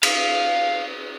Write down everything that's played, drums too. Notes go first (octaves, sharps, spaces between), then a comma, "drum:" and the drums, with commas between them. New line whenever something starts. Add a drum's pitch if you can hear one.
F5, drum: cymbal